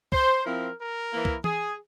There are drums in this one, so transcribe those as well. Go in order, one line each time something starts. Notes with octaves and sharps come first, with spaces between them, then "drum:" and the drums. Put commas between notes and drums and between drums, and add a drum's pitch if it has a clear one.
C5, drum: kick
F3 C4 E4 A#4
A#4
E3 A#3 E4
drum: kick
G#4, drum: tom